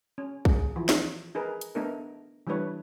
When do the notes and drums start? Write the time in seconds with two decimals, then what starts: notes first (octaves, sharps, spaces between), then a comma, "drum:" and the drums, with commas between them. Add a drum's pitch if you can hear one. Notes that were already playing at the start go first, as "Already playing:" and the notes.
0.18 C#4
0.45 G#4, drum: kick
0.76 E3 F3
0.89 drum: snare
1.35 D#4 G#4 A#4 B4
1.61 drum: hi-hat
1.75 A3 B3 D4 D#4 A4 A#4
2.47 E3 G3 A3 D4 B4 C#5